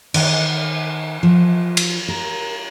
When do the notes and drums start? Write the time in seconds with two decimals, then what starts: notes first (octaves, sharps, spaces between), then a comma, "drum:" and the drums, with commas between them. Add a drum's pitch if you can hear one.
0.14 D#3, drum: cymbal
1.23 F3
1.77 drum: cymbal
2.08 A#4